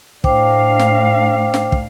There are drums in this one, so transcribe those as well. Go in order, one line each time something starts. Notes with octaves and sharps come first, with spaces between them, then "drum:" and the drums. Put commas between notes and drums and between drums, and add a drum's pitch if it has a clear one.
A2 D4 C5 F5 G5 D6, drum: kick
drum: snare
drum: snare
drum: kick